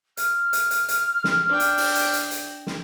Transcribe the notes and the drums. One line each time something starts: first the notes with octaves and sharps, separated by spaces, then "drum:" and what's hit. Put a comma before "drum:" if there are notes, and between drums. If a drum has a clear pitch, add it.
F6, drum: hi-hat
drum: hi-hat
drum: hi-hat
drum: hi-hat
drum: snare
D4 G5
drum: hi-hat
drum: open hi-hat
drum: hi-hat
drum: hi-hat
drum: hi-hat
drum: snare